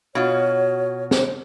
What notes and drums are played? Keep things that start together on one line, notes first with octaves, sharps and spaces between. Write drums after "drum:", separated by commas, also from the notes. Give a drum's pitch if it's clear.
B2 F4 F#4 C#5
drum: snare